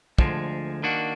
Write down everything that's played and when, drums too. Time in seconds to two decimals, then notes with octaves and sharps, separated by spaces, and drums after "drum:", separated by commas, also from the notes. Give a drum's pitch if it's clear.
0.18 D2 D3 F3 G#3, drum: kick
0.83 D#3 A#3 D4 F#4